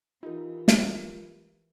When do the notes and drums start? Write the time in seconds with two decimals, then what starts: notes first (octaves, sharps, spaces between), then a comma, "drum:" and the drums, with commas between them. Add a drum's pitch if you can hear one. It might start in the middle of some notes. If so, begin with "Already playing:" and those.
0.23 E3 D#4 F4 G4 A#4
0.68 drum: snare